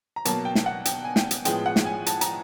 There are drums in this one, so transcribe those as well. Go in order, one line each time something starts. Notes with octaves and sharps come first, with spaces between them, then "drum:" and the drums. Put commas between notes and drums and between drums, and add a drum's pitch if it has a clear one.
A#5
B2 F#3 A#3 A5, drum: hi-hat
G5
drum: snare
F#5
G5, drum: hi-hat
G#5
G5, drum: snare
drum: hi-hat
A2 F3 G#3 B3 G5, drum: hi-hat
F#5
drum: snare
G#5
A5, drum: hi-hat
A#5, drum: hi-hat